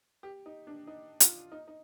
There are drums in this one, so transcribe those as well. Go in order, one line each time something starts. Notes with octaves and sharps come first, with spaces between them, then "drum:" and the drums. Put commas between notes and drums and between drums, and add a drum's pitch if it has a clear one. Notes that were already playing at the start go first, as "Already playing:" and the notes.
G4
D#4
D4
D#4
F4, drum: hi-hat
D#4
D#4